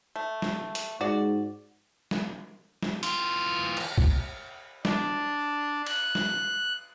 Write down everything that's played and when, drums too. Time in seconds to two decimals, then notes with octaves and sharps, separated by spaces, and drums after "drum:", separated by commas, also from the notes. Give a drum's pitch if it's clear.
0.16 A3
0.42 drum: snare
0.75 drum: hi-hat
1.01 G#2 F#4 D5
2.11 drum: snare
2.83 drum: snare
3.03 E3 F4, drum: hi-hat
3.77 drum: cymbal
3.98 drum: kick C2
4.85 D4, drum: snare
5.86 F#6, drum: cymbal
6.15 drum: snare